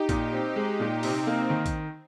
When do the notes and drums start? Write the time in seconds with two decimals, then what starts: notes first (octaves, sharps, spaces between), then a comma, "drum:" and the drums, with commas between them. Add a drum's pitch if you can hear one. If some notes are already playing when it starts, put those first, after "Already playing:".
Already playing: D#4 G4
0.09 A#2, drum: kick, hi-hat
0.33 C4
0.56 G#3
0.80 A#2
1.03 C3 C4 D#4, drum: open hi-hat
1.27 A#3
1.50 D#3
1.66 drum: kick, hi-hat